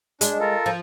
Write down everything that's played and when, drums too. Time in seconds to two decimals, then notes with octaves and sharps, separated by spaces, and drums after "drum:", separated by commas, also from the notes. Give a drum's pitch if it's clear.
0.21 G#3 D4, drum: hi-hat
0.40 F4 A4 A#4
0.66 F3